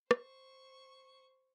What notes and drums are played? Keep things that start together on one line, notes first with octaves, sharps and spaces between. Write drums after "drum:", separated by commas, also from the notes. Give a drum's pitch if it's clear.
C5 C#6, drum: rim click